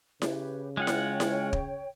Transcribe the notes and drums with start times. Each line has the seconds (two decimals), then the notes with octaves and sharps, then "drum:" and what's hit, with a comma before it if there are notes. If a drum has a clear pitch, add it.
0.22 C#3 G4 B4 C#5, drum: snare E4
0.77 G#3 F4 C#5 F#5 G5
0.87 drum: snare E4
1.20 drum: snare E4
1.53 drum: kick